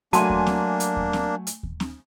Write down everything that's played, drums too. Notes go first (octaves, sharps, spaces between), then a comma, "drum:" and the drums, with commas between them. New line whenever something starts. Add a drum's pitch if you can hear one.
F#3 A3 A#3 D4 G#5 A5 C6, drum: hi-hat
drum: kick D#2
drum: snare C4
drum: hi-hat
drum: kick D#2
drum: snare C4
drum: hi-hat
drum: kick D#2
drum: snare C4